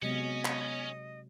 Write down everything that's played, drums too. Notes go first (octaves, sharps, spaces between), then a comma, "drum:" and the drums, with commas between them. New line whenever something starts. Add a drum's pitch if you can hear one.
C3 F#3 G#3 B3 C#4 D#5
drum: clap